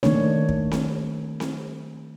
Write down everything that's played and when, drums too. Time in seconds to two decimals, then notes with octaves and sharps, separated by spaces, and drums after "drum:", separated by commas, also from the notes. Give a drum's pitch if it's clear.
0.03 D#3 A3 A#3 D4 C#5, drum: snare C4
0.49 drum: kick
0.71 drum: snare C4
1.40 drum: snare C4